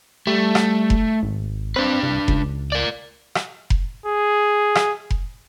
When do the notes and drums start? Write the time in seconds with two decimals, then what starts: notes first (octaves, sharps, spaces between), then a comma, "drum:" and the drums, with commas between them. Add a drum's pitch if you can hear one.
0.27 G3 A3
0.55 drum: rim click
0.90 drum: kick F1
1.23 G#1
1.76 C4 D4 B4
2.03 C2
2.28 C#2, drum: kick F1
2.72 A#4 D5
3.35 drum: rim click
3.70 drum: kick F1
4.05 G#4
4.75 drum: rim click
5.10 drum: kick F1